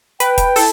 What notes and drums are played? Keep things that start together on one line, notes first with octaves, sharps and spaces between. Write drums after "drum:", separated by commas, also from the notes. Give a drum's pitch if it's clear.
B4 G5, drum: hi-hat
drum: kick, hi-hat
E4 A4, drum: open hi-hat